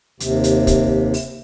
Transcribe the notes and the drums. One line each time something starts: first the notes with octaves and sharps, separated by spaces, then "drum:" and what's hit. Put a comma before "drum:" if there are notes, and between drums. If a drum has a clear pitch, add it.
D#2 C3, drum: hi-hat
drum: hi-hat
drum: kick, hi-hat
drum: open hi-hat